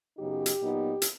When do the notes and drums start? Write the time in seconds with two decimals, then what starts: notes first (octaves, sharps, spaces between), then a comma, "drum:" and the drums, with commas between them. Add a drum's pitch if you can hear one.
0.18 F#2 C#3 F#3 B3 D#4 G4
0.46 drum: hi-hat
0.59 A#2 F#3 B3 D#4
1.02 drum: hi-hat